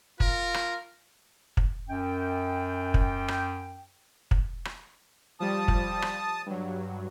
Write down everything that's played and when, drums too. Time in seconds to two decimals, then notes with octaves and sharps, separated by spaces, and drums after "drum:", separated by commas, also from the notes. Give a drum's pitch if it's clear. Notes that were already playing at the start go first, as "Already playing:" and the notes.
0.20 F4 A#4, drum: kick
0.54 drum: rim click
1.57 drum: kick
1.88 F#2 G5
2.94 drum: kick
3.28 drum: rim click
4.31 drum: kick
4.65 drum: rim click
5.40 F3 G3 A5 D#6
5.68 drum: kick
6.02 drum: rim click
6.46 G2 F#3